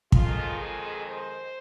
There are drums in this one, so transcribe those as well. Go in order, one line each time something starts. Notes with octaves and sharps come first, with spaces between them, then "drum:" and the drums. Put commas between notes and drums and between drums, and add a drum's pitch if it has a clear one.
F2 D#3 G#3 F4, drum: kick
G#4
C5